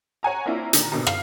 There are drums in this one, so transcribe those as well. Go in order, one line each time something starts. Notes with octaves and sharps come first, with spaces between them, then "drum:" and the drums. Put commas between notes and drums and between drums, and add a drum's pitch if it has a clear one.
C#5 F#5 G#5 A#5
A#3 C4 D4 E4 F4
A#2 D3 D#3 A#5, drum: hi-hat
G#1 B2 D3
F5, drum: rim click